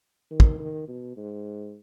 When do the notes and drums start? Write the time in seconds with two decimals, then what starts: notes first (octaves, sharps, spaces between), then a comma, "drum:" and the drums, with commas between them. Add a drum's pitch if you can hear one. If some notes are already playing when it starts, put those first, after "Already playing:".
0.31 D#3
0.40 drum: kick
0.59 D#3
0.88 B2
1.17 G#2